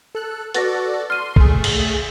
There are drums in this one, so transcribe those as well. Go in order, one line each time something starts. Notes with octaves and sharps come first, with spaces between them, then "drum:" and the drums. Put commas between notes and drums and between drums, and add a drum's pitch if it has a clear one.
A4 F#6
F#4 A4 B4 D5 A6 A#6, drum: hi-hat
C6 F6 D#7
A3 G#4, drum: kick
drum: cymbal